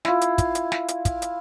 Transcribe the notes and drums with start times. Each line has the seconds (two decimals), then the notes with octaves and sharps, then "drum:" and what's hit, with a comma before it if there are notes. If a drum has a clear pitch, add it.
0.05 E4 F4, drum: snare
0.21 drum: hi-hat
0.38 drum: kick, hi-hat
0.55 drum: hi-hat
0.72 drum: snare
0.88 drum: hi-hat
1.05 drum: kick, hi-hat
1.22 drum: hi-hat